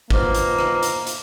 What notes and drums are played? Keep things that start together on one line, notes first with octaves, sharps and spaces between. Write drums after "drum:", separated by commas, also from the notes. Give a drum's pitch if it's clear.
B2 F3 A#3, drum: kick
drum: hi-hat
drum: rim click
drum: hi-hat
drum: hi-hat